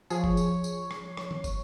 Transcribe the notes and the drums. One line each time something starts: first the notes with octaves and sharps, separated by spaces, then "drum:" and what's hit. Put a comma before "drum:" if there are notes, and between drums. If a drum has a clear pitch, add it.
F3 G#4 C#5, drum: tambourine
drum: kick
drum: tambourine
drum: tambourine
drum: rim click
drum: rim click
drum: tom D#3
drum: kick, tambourine